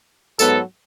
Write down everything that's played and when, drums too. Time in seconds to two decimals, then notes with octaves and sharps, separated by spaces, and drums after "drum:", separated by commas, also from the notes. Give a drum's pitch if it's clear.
0.39 G#2 F#3 B3 A4, drum: tambourine